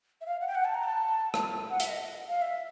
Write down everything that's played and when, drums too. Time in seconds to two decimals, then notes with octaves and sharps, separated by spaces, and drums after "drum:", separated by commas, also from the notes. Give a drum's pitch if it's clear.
0.21 E5
0.26 F5
0.41 F#5
0.47 G5
0.55 F#5
0.65 A5
0.74 A#5
0.84 A5
1.34 drum: rim click
1.70 F#5
1.80 E5, drum: hi-hat
1.89 D#5
2.28 F5
2.42 E5